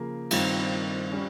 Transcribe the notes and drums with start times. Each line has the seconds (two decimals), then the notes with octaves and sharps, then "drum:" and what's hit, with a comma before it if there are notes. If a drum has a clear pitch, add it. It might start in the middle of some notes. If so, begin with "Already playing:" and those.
Already playing: C#3 F3 A#3
0.31 G2 D#3 G3 C4 F4, drum: cymbal
1.12 G3 C#4